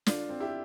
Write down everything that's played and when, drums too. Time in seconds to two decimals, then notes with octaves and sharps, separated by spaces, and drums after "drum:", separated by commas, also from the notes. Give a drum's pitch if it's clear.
0.06 D3 D4 F4, drum: snare
0.29 C4
0.40 E4 G4